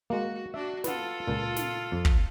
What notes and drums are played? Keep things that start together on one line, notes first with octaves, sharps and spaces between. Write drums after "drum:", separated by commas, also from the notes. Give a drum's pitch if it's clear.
G#3 A#3 F#4
D4 F#4 E5
F4 A4 B4 F#5, drum: snare
C#2 A#2
drum: snare
F2
drum: kick